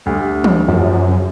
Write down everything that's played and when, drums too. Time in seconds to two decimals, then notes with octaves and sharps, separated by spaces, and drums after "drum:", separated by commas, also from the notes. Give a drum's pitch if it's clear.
0.06 D2 G3
0.44 drum: tom E3
0.68 F#2 F3
1.07 C#3